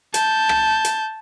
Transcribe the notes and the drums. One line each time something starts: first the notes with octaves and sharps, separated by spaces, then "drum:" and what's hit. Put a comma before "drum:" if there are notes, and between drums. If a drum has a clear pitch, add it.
A5 G6, drum: hi-hat
drum: rim click
drum: hi-hat